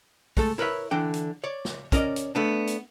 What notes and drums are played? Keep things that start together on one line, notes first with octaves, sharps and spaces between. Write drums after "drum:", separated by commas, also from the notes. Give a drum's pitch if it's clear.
G#3 A3 A4, drum: kick, open hi-hat
E4 A#4 B4 C#5 E5
D3 E3 D4 G5
drum: hi-hat
C#5 D5
drum: snare
C#4 A#4 D5 D#5, drum: kick, hi-hat
drum: hi-hat
A3 B3 D4
drum: hi-hat